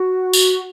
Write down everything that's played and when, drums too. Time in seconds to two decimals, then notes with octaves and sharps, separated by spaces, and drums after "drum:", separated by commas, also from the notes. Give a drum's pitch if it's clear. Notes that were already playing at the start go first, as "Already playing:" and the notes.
Already playing: F#4
0.33 drum: tambourine